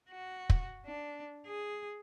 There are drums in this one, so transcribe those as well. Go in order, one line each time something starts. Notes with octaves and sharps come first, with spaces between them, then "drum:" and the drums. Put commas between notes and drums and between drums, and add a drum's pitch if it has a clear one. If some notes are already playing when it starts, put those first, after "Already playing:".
F#4
drum: kick
D4
G#4